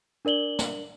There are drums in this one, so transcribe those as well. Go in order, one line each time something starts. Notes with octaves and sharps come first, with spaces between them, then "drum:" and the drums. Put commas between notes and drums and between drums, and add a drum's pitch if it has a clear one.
D4 A#4 D5 F#7 G7
drum: snare